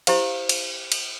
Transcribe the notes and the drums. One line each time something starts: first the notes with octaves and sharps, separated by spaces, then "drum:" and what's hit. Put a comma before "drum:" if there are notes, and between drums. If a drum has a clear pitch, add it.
E4 G4 C5 F5, drum: cymbal
drum: cymbal
drum: cymbal